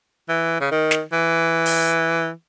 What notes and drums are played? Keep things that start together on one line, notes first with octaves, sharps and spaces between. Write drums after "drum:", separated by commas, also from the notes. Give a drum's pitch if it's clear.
E3
C#3
D#3
drum: snare
E3
drum: open hi-hat